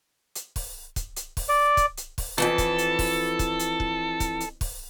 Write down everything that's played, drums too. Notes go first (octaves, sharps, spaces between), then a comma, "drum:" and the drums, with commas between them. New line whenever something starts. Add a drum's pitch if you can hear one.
drum: hi-hat
drum: kick, open hi-hat
drum: kick, hi-hat
drum: hi-hat
drum: kick, open hi-hat
D5
drum: kick, hi-hat
drum: hi-hat
drum: kick, open hi-hat
F2 G#2 E3 A4
drum: kick, hi-hat
drum: hi-hat
drum: kick, open hi-hat
drum: kick, hi-hat
drum: hi-hat
drum: kick
drum: kick, hi-hat
drum: hi-hat
drum: kick, open hi-hat